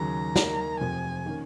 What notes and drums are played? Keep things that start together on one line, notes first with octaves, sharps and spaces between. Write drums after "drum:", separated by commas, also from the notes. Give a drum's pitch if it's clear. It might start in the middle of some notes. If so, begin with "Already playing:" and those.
Already playing: D#2 C#3 F#3 A#5
D#2 D#3 A#3 D#4, drum: snare
F1 F2 F3 G#5
D#3 A#3 C#4